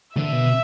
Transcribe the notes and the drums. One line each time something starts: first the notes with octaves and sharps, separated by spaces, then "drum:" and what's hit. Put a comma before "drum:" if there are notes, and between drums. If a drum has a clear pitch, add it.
D3 E5, drum: tom
B2